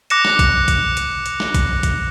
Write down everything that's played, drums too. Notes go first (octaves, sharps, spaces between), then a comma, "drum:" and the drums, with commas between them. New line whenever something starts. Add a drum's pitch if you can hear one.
D6 F#6 A#6 C#7 E7, drum: hi-hat
drum: snare
drum: kick A#1, hi-hat
drum: kick A#1, hi-hat
drum: hi-hat
drum: hi-hat
drum: snare
drum: kick A#1, hi-hat
drum: kick A#1, hi-hat